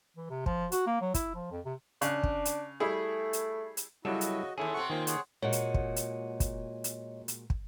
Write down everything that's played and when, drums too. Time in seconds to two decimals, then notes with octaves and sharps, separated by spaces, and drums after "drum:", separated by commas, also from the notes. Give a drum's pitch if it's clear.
0.17 E3
0.30 C3
0.46 F3, drum: kick
0.72 F#4, drum: hi-hat
0.87 A#3
1.01 F#3
1.14 E4, drum: kick, hi-hat
1.35 F3
1.51 F2
1.66 C3
2.02 C#3 D4 F#6, drum: hi-hat
2.23 drum: kick
2.45 drum: hi-hat
2.80 G3 A3 E4 G#4
3.33 drum: hi-hat
3.77 drum: hi-hat
4.05 C#3 F#3 G3 E4 F#4 A4 D#5
4.21 drum: hi-hat
4.58 D#2 C#4 E4 G#4 A4
4.74 C3 C4 F#5 C#6
4.90 D#3 A#3 F4 C5 G5 G#5
5.07 G#4 C#5 F#5, drum: hi-hat
5.43 A#2 G#3 F#4 C#5 D#5
5.53 drum: hi-hat
5.74 drum: kick
5.96 drum: hi-hat
6.40 drum: kick, hi-hat
6.84 drum: hi-hat
7.28 drum: hi-hat
7.50 drum: kick